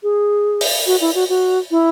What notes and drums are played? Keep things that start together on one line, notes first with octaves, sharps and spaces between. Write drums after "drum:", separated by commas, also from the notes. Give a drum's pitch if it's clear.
G#4
drum: open hi-hat
F#4
E4
F#4
F#4
E4